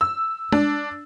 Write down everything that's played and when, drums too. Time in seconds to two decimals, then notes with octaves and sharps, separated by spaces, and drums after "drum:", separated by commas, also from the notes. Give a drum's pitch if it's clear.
0.01 E6
0.52 D4, drum: tom G#3